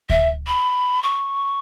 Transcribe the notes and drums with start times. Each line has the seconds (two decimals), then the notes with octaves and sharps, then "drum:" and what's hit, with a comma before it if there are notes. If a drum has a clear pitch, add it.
0.10 E5, drum: kick D2
0.47 B5
1.03 C#6